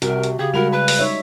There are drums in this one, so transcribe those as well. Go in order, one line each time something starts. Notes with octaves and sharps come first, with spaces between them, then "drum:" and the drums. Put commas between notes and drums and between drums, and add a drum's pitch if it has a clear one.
C2 C3 F#4 A#4, drum: hi-hat
drum: hi-hat
C#3 G4 G#4 G#6
G3 G#3 F#4 A#4 B5 F7
B4 B5
drum: open hi-hat
D#4 C#5 E5